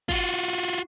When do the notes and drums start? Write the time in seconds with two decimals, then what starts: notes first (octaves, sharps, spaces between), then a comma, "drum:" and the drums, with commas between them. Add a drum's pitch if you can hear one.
0.09 F4 F#4, drum: kick